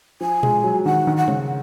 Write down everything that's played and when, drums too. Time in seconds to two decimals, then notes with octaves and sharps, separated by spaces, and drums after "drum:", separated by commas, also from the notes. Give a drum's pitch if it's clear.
0.21 F3 G#5
0.43 G#3, drum: tom A#2
0.63 F#3
0.85 D#3 F#5
1.07 D#3
1.17 F#5
1.28 C#3, drum: tom G3